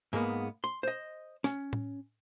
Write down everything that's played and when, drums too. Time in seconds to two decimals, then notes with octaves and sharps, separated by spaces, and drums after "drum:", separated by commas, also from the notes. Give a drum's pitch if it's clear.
0.13 G#2 G#3 A#3 B3
0.64 C6
0.83 C5 D#5
1.44 C#4, drum: rim click
1.73 drum: tom A2